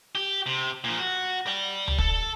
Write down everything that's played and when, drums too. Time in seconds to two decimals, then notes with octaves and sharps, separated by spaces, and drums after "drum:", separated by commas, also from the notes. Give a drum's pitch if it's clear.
0.15 G4
0.46 C3
0.84 A#2 F3
0.99 F#4
1.47 D5 G5
1.88 drum: tom C#2
1.98 A4, drum: kick